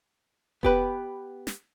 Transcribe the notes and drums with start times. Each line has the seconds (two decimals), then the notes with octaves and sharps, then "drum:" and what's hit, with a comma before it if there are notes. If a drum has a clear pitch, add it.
0.63 B3 G4 B4, drum: kick F1
1.47 drum: snare